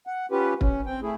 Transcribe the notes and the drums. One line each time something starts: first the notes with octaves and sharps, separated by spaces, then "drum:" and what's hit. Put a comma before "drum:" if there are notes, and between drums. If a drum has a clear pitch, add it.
F#5
C#4 F4 G4 B4
C#4, drum: kick
C4 G5
A3 E4 G#4